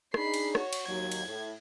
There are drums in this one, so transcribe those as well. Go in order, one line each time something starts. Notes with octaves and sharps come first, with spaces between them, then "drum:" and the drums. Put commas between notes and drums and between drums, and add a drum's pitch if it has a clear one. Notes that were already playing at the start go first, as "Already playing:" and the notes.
D4 D#4 G#4 B5 C7, drum: rim click
drum: cymbal
F#4 C#5, drum: rim click
drum: cymbal
D#2 F#3 G#6
drum: cymbal
A2